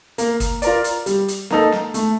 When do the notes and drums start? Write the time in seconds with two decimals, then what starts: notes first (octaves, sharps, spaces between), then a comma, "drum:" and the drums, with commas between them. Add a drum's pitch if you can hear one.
0.18 A#3, drum: hi-hat
0.40 drum: kick, hi-hat
0.62 F4 A#4 D5, drum: hi-hat
0.84 drum: hi-hat
1.06 G3, drum: hi-hat
1.28 drum: hi-hat
1.50 A#3 D#4 A4, drum: snare
1.72 drum: snare
1.94 A3, drum: hi-hat